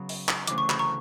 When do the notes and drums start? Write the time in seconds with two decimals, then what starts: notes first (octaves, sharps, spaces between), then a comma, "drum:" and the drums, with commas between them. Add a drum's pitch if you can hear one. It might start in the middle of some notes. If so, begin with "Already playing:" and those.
Already playing: C#3 F#3 B3
0.09 drum: open hi-hat
0.28 drum: clap
0.47 D2 C#3 E3 D6, drum: hi-hat
0.58 C#6
0.70 B5, drum: clap
0.79 A#5 C#6